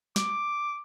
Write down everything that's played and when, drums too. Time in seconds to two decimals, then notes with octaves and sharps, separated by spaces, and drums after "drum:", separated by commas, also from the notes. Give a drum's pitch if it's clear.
0.16 D6, drum: snare